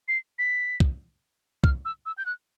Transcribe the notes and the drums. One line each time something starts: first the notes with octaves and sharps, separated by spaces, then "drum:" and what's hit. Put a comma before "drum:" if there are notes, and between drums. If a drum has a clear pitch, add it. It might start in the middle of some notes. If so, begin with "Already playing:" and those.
C7
B6
drum: kick
F6, drum: kick
E6
E6
G6
F#6